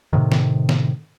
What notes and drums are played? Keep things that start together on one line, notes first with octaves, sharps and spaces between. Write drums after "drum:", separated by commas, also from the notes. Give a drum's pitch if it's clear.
A2 C3 D#3
drum: snare
drum: snare